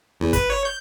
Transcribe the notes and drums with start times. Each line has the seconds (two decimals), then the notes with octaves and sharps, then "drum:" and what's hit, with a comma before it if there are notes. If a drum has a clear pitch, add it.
0.20 E2
0.33 B4, drum: kick, hi-hat
0.50 C#5
0.65 G6